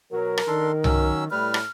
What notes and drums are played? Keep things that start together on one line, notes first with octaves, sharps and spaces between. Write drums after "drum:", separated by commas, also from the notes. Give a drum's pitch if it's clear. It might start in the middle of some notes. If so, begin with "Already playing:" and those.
B2 F#3 A#4
drum: rim click
D#3 D4 A4 C6
F#3 C#4 E6, drum: tom C2
A2 G3 B4 F6
drum: rim click